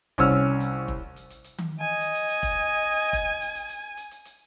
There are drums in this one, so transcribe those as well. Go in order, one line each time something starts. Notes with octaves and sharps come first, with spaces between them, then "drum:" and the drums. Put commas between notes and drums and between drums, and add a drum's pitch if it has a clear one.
C2 C#4 E6 F6, drum: kick F1, hi-hat
drum: hi-hat
drum: kick F1
drum: hi-hat
drum: hi-hat
drum: hi-hat
drum: tom D#3
D#5 G#5
drum: hi-hat
drum: hi-hat
drum: hi-hat
drum: kick F1, hi-hat
drum: kick F1, hi-hat
drum: hi-hat
drum: hi-hat
drum: hi-hat
drum: hi-hat
drum: hi-hat
drum: hi-hat